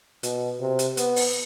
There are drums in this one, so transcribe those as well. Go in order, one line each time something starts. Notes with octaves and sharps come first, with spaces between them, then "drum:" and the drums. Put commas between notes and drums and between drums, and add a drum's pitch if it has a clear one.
B2, drum: hi-hat
C3
drum: hi-hat
B3, drum: hi-hat
drum: open hi-hat